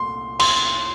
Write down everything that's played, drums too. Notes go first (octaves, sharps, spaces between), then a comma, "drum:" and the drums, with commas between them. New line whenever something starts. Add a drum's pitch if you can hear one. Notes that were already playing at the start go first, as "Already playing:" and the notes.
Already playing: C2 A#2 A3 C6
C6, drum: cymbal